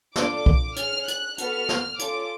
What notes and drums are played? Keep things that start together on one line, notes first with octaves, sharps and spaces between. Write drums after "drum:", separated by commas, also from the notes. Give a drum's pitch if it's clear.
D4 F4 A4 D6, drum: snare
drum: kick B1
C#4 G#4 F6, drum: hi-hat
F#6, drum: hi-hat
B3 F#4 A4 F6, drum: hi-hat
drum: snare
C#4 F4 A4 D6, drum: hi-hat